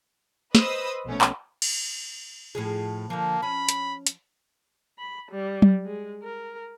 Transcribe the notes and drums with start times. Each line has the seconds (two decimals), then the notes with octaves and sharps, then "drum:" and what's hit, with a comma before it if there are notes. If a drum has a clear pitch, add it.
0.55 B4 C5 D#5 B5 D#6 E6, drum: snare
1.04 A#1 B2 A3 C#4
1.21 drum: clap
1.62 drum: cymbal
2.55 A2 F3 G#4
3.10 D3 F3 A#3
3.42 C#4 B5
3.69 drum: hi-hat
4.07 drum: hi-hat
4.99 B5
5.31 G3
5.62 drum: tom F#3
5.86 G#3
6.24 A#4